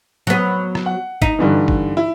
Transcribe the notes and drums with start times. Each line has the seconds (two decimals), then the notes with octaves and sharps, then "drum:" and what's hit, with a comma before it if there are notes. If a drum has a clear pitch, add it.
0.27 F#3 B3
0.75 drum: rim click
0.86 F#5
1.22 D#4, drum: kick
1.39 G2 D3 E3
1.68 drum: kick
1.97 E4